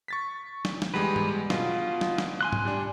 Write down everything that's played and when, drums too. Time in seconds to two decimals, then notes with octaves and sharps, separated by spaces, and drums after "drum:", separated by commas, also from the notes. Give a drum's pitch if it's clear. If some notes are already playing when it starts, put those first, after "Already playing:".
0.08 C#6 A6 B6
0.65 drum: snare
0.82 drum: snare
0.94 E2 G3 G#3 B4
1.16 drum: tom
1.50 B2 F4, drum: snare
2.01 drum: snare
2.18 drum: snare
2.41 G#5 C6 F#6
2.53 drum: tom G#2
2.65 G3 D4